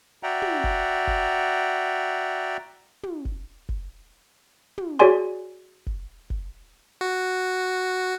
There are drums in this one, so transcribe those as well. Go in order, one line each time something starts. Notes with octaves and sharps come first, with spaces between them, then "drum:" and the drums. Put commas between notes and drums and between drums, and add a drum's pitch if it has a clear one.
F#4 D5 E5 F#5 G5 A#5
drum: tom
drum: kick F#1
drum: kick F#1
drum: tom
drum: kick F#1
drum: kick F#1
drum: tom
F#4 G#4 C#5 D5 G#5 C6
drum: kick F#1
drum: kick F#1
F#4